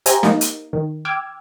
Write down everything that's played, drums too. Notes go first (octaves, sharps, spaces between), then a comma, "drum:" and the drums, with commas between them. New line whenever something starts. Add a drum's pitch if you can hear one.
G4 C5 E5 G#5 A#5, drum: hi-hat
A#3 D#4, drum: snare
drum: hi-hat
D#3
G5 D6 E6 F6 G#6